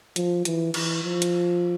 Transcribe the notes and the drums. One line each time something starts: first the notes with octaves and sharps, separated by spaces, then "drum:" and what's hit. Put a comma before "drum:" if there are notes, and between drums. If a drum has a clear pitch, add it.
F3, drum: hi-hat
E3, drum: hi-hat
E3, drum: cymbal
F3
drum: hi-hat